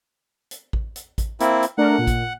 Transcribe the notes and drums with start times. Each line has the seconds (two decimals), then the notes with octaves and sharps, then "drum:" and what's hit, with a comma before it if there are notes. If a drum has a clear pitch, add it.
0.51 drum: hi-hat
0.73 drum: kick A1
0.96 drum: hi-hat
1.18 drum: kick A1, hi-hat
1.40 A#3 C4 E4, drum: hi-hat
1.63 drum: hi-hat
1.78 A3 D4 A#4 F#5
1.98 A#2
2.07 drum: kick A1, hi-hat